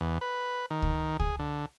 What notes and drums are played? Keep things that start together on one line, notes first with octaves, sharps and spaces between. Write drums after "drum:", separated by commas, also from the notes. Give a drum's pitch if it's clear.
E2
B4
D#3
drum: kick C#2
G#4, drum: kick C#2
D3